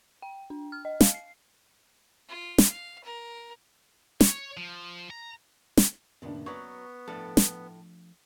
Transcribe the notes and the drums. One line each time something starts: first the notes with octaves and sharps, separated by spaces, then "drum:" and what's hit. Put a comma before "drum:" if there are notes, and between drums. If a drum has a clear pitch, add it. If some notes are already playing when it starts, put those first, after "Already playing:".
G5
D4
F6
D#5
F5, drum: snare
C7
F4
drum: snare
F5
A#4
C#5, drum: snare
F3
A#5
drum: snare
F#1 A#2 D#3 B3 D4
F#3 B3 B4 D5 G#5 C#6
A2 F3 A3 D4 A4
drum: snare